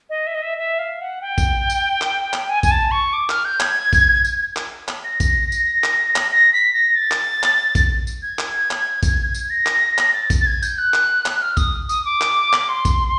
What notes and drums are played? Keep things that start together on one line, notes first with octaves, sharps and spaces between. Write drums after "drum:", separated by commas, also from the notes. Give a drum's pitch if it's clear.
D#5
E5
D#5
E5
E5
F5
F#5
G5
drum: kick A#1, tambourine
drum: tambourine
drum: clap
drum: clap
G#5
G#5, drum: kick A#1, tambourine
A5
C#6
D6
F6, drum: clap
G6
G#6, drum: clap
drum: kick A#1, tambourine
drum: tambourine
drum: clap
drum: clap
A#6
drum: kick A#1, tambourine
drum: tambourine
drum: clap
drum: clap
A#6
B6
A#6
A6
drum: clap
drum: clap
drum: kick A#1, tambourine
drum: tambourine
G#6
drum: clap
drum: clap
drum: kick A#1, tambourine
drum: tambourine
A#6
drum: clap
drum: clap
A6
drum: kick A#1, tambourine
A6
G#6
G6, drum: tambourine
F#6
drum: clap
drum: clap
F6
D#6, drum: kick A#1, tambourine
D#6, drum: tambourine
D6
drum: clap
drum: clap
C6
drum: kick A#1, tambourine